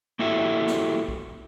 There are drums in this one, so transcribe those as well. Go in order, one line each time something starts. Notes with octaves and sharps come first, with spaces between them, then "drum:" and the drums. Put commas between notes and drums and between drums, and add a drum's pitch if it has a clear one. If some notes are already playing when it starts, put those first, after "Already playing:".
A#3 E4 F#4 G4 A4 E5
drum: snare
drum: kick